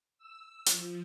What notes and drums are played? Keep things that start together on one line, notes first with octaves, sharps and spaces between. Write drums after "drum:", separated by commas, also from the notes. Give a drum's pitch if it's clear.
E6
F3, drum: hi-hat